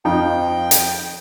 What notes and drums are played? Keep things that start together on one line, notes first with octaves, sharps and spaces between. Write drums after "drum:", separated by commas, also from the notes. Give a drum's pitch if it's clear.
F2 F3 D#4 G5
drum: hi-hat